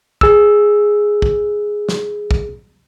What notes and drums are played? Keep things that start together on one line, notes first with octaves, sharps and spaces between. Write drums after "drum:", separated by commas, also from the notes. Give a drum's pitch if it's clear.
G#4 E6, drum: kick
drum: kick
drum: snare
drum: kick